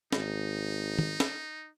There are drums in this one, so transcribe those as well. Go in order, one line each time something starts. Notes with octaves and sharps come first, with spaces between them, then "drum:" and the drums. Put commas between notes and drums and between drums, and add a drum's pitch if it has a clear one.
G#1 D#4, drum: snare
drum: tom
drum: snare